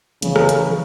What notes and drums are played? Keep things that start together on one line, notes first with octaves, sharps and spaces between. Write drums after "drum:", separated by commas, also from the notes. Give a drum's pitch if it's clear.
C#3 E3, drum: hi-hat
drum: rim click
drum: hi-hat
F#3